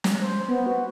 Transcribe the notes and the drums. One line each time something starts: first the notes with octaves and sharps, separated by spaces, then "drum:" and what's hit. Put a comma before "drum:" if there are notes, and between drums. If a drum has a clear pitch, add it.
drum: snare
C5
B3
F#4